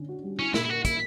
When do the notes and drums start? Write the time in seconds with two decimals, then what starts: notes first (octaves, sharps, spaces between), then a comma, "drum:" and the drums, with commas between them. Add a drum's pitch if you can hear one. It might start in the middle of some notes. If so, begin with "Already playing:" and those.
Already playing: D3 C#4
0.09 F#4
0.23 G3
0.39 C#4 E4
0.54 A#2 E4, drum: snare
0.65 E4
0.70 F#4 A#4
0.85 A#3 E4, drum: kick, hi-hat